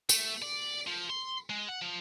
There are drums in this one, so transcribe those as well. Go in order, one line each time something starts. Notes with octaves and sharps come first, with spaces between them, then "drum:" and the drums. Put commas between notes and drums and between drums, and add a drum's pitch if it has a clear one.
A3, drum: tambourine
D5
F3
C6
G#3
F#5
F3